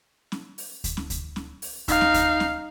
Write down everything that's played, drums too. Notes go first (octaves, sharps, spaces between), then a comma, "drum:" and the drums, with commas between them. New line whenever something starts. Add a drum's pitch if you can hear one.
drum: snare C#4
drum: open hi-hat
drum: kick D2, hi-hat
drum: snare C#4
drum: kick D2, hi-hat
drum: snare C#4
drum: open hi-hat
D#4 F5, drum: kick D2, hi-hat
drum: snare C#4
drum: kick D2, hi-hat
drum: snare C#4